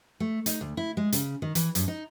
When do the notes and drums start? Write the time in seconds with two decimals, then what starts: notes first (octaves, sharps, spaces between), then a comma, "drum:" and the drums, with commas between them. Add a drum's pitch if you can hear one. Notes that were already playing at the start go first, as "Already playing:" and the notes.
0.20 A3
0.46 D#4, drum: hi-hat
0.61 D2
0.77 E4
0.97 G#3
1.12 C#3, drum: hi-hat
1.42 D#3
1.55 E3, drum: hi-hat
1.75 F#2, drum: hi-hat
1.88 D#4